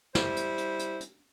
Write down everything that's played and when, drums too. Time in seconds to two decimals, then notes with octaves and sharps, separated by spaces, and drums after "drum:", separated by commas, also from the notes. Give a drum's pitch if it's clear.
0.15 G3 E4 C5, drum: snare
0.36 drum: hi-hat
0.58 drum: hi-hat
0.79 drum: hi-hat
1.01 drum: hi-hat